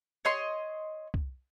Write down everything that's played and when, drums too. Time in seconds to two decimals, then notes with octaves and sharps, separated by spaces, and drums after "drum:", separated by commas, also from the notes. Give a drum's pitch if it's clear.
0.25 C#5 D#5 C6
1.14 drum: kick